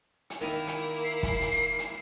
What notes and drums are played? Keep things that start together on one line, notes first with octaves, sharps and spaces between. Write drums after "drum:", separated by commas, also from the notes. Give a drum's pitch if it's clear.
drum: hi-hat
D#3 A#3 D#4 E4
drum: hi-hat
C7
drum: kick, hi-hat
drum: hi-hat
drum: hi-hat